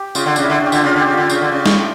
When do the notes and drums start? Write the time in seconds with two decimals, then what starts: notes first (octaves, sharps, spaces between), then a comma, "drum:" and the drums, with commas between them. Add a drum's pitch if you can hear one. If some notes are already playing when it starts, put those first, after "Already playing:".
Already playing: G4
0.15 C#3 F4, drum: tambourine
0.26 D3
0.36 C#3 D4, drum: tambourine
0.43 E4
0.50 D3
0.60 C#3
0.66 G4
0.72 D3 F4, drum: tambourine
0.84 C#3 F4
0.96 D3 G4
1.06 C#3
1.13 D3 F4
1.30 C#3, drum: tambourine
1.41 D3
1.52 C#3
1.66 drum: snare
1.78 A2